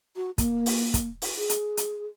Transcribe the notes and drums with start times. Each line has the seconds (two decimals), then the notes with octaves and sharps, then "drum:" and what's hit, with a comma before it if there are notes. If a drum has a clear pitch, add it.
0.16 F#4
0.38 A#3, drum: kick, hi-hat
0.66 drum: open hi-hat
0.94 drum: kick, hi-hat
1.22 drum: open hi-hat
1.38 G#4
1.49 drum: hi-hat
1.77 drum: hi-hat